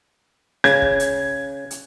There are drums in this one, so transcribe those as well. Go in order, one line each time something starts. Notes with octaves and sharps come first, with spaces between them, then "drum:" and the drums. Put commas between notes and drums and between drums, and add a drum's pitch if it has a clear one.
C#3 G#6, drum: snare C#4
drum: kick
drum: hi-hat
drum: hi-hat